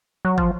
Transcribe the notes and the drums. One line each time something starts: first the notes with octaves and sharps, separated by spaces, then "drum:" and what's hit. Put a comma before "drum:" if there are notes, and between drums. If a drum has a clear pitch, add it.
F#3
F3, drum: kick